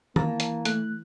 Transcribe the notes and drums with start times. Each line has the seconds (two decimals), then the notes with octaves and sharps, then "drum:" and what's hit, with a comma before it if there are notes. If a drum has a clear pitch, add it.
0.16 E3 A#3 A5 A#5, drum: tom D#3
0.40 drum: hi-hat
0.65 A3 F#6, drum: hi-hat